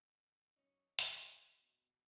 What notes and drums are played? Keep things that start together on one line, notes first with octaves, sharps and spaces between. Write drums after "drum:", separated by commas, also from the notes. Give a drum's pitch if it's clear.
F#2 C#4 D#4
E3, drum: hi-hat
B2